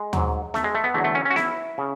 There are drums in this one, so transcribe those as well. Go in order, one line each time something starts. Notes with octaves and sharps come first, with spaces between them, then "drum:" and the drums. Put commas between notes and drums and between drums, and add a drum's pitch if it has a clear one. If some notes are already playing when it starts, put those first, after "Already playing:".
Already playing: G#3
G#2 F#3, drum: tom D#2
A3, drum: snare B3
G#3
A3
B3
E2 D3 F#3 A3
A3
C#4
C#4
F#4
E4, drum: snare B3
C#3